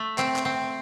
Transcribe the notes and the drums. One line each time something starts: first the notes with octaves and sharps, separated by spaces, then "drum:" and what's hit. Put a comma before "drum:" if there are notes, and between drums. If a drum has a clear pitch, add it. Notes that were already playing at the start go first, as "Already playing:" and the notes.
Already playing: A3
C4, drum: clap
drum: clap
C4